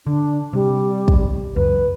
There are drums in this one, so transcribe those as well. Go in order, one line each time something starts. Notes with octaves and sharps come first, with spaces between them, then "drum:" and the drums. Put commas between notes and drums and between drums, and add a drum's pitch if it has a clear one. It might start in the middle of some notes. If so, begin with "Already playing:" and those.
D3 D4
C3 G3
drum: kick
C#2 F#2 B4